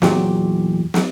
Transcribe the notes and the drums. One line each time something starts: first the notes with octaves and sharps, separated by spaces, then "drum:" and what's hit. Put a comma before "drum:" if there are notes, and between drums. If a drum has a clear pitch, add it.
E2 A#2 F#3 G4, drum: snare
drum: snare